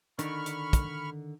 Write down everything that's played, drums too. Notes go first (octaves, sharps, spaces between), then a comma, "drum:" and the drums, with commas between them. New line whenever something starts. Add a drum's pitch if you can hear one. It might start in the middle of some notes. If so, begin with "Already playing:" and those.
D3 D#3 D4 B5 C#6 F6, drum: hi-hat
drum: hi-hat
drum: kick, hi-hat